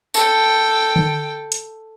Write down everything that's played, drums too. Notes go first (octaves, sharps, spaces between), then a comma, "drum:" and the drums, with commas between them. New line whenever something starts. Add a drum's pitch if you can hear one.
A4 G5, drum: tambourine
drum: tom D3
drum: hi-hat